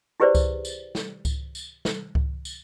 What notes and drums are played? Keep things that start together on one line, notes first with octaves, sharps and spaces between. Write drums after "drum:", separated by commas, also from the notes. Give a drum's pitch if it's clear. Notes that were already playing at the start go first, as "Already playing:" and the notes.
E4 G4 G#4 B4 C5 D5
drum: kick C#2, tambourine
drum: tambourine
drum: snare
drum: kick C#2, tambourine
drum: tambourine
drum: snare
drum: kick C#2
drum: tambourine